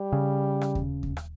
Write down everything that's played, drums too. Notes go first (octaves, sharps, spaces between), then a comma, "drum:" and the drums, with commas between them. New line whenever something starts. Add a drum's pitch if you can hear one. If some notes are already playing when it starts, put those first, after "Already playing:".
Already playing: G3
C#3
drum: rim click
drum: kick D#2
drum: kick D#2
drum: rim click